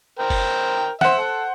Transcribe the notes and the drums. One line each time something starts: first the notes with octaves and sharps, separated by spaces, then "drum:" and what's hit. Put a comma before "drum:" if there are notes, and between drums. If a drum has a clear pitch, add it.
A#4 C5 G5
drum: kick F#1, open hi-hat
C5 E5 F#5, drum: snare
A4